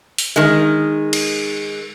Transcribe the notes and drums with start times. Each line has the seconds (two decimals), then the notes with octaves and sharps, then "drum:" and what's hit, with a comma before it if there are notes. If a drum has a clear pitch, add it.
0.18 drum: open hi-hat
0.36 D#3 G#3
1.13 drum: cymbal